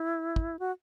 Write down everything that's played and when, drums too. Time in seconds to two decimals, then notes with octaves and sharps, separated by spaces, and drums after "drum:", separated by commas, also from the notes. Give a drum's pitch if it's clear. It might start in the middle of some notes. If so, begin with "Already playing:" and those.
Already playing: E4
0.36 drum: kick
0.59 F#4